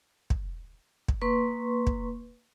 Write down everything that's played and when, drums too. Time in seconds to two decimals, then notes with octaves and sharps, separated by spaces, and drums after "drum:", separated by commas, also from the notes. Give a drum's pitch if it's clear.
0.30 drum: kick
1.08 drum: kick
1.21 A#3 B4 C6 C#6
1.87 drum: kick